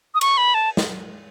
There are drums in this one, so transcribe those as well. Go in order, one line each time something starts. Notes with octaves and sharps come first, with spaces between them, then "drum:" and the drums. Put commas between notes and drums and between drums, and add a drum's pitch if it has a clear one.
D#6
C#6, drum: cymbal
B5
A5
drum: snare